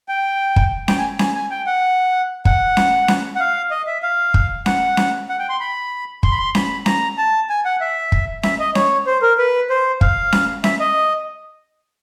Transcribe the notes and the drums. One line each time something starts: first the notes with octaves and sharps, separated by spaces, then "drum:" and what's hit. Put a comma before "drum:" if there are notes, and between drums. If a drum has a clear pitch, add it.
G5
drum: kick
G5, drum: snare C#4
G#5
G#5, drum: snare C#4
G#5
G5
F#5
F#5, drum: kick
drum: snare C#4
drum: snare C#4
F#5
F5
D#5
E5
F5
drum: kick
F#5, drum: snare C#4
drum: snare C#4
F#5
G5
C6
B5
C6, drum: kick
B5
C6
B5, drum: snare C#4
A#5, drum: snare C#4
A5
G#5
F#5
E5
drum: kick
E5, drum: snare C#4
D#5
C#5, drum: snare C#4
C5
A#4
B4
C5
F5, drum: kick
drum: snare C#4
E5, drum: snare C#4
D#5